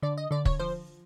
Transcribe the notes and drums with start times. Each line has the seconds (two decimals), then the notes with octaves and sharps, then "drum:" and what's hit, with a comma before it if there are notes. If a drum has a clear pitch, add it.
0.02 D3 D5
0.18 D#5
0.31 D3 D5
0.45 C#5, drum: kick
0.59 F3 C5